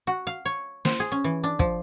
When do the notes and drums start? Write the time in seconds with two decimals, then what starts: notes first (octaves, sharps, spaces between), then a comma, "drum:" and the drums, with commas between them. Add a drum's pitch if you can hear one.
0.07 F#4
0.27 F5
0.45 C#5
0.85 C5, drum: snare
1.00 G#4
1.12 C#4
1.24 E3
1.44 D4
1.59 F3, drum: kick